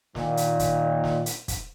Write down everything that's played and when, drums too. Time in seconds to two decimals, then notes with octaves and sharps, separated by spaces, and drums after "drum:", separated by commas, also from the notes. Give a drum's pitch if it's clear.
0.15 A#2 D#3, drum: snare
0.37 drum: hi-hat
0.59 drum: kick, hi-hat
1.04 drum: snare
1.26 drum: hi-hat
1.48 drum: kick, hi-hat